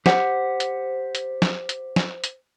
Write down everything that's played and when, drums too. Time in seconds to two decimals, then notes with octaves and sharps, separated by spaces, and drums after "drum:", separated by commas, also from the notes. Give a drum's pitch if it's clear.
0.06 G4 C5 F#5, drum: snare
0.60 drum: hi-hat
1.15 drum: hi-hat
1.42 drum: snare
1.69 drum: hi-hat
1.96 drum: snare
2.24 drum: hi-hat